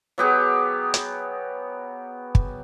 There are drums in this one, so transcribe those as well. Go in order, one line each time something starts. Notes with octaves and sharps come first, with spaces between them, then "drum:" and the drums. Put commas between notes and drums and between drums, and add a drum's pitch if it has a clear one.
F#3 B3 G4 G#4
drum: hi-hat
drum: kick